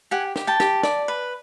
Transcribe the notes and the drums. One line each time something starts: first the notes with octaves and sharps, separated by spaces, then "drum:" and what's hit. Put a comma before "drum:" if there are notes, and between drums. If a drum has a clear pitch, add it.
G4 F#5 G#5
G4, drum: snare
G5 A5
G4, drum: snare
D5, drum: snare
B4